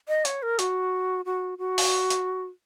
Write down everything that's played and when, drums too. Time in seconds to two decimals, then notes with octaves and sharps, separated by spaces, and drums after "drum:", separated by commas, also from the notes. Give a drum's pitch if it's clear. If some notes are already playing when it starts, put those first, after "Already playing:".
0.08 D#5
0.25 C#5, drum: hi-hat
0.43 A#4
0.59 F#4, drum: hi-hat
1.25 F#4
1.58 F#4
1.78 drum: open hi-hat
2.10 drum: hi-hat